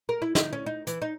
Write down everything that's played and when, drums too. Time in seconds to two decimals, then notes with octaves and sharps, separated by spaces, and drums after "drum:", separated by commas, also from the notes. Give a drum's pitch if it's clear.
0.09 A#4
0.22 E4
0.35 D#4, drum: snare
0.53 C#4
0.66 D#4
0.87 E3, drum: hi-hat
1.02 D#4